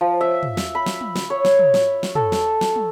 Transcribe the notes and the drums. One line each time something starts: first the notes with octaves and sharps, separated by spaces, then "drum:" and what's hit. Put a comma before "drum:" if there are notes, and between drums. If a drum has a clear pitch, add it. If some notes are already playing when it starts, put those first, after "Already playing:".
F3
E5
drum: tom
drum: snare
B5
drum: snare
drum: tom
drum: snare
C#5
drum: snare
drum: tom
drum: snare
drum: snare
A4, drum: tom
drum: snare
drum: snare
drum: tom